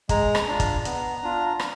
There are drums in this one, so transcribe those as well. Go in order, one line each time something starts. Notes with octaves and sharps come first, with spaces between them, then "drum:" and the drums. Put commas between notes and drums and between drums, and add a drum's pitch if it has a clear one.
G#3 A#5, drum: kick G1, hi-hat
drum: rim click
D4 F4
drum: kick G1, hi-hat
B3, drum: hi-hat
D4 F4
drum: rim click